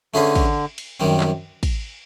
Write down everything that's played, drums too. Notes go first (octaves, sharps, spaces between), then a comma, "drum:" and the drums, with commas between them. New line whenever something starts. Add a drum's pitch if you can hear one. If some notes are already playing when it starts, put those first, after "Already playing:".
D3 A3 C#4 F4 G#4 B4
drum: kick, cymbal
drum: cymbal
F#2 D#3 G3 C4
drum: clap
drum: kick, cymbal